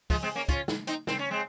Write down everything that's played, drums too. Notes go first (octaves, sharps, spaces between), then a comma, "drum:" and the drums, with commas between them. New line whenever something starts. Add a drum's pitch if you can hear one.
F3 G#3, drum: kick, open hi-hat
G#3 C4
A#3 C#4
C#4 F4, drum: kick, hi-hat
drum: snare
C4 D#4, drum: hi-hat
C4, drum: snare
C#4
G#3 C4